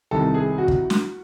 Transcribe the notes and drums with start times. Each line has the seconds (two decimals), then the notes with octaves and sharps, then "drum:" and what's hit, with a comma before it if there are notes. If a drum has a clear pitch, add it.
0.11 C2 C3 D#3 A4
0.34 G#4
0.58 F#4
0.68 drum: kick
0.90 drum: snare